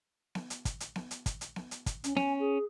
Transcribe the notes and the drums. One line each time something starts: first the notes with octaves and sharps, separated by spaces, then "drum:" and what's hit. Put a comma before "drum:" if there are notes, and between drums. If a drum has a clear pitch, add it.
drum: snare B3
drum: hi-hat
drum: kick, hi-hat
drum: hi-hat
drum: snare B3
drum: hi-hat
drum: kick, hi-hat
drum: hi-hat
drum: snare B3
drum: hi-hat
drum: kick, hi-hat
C#4, drum: hi-hat
C#4 G#5, drum: snare B3
G#4